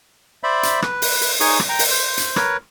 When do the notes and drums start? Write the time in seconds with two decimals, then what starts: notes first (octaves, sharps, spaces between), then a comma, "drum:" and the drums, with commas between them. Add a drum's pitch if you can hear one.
0.43 C5 D5 E5 B5
0.63 drum: hi-hat
0.82 B4, drum: rim click
1.02 drum: open hi-hat
1.21 drum: open hi-hat
1.40 D#4 G#4 C#5 C#6 D#6, drum: open hi-hat
1.60 drum: rim click
1.69 G5 A#5
1.79 drum: open hi-hat
1.90 C5
2.17 drum: hi-hat
2.36 A#4 B4 C#5, drum: rim click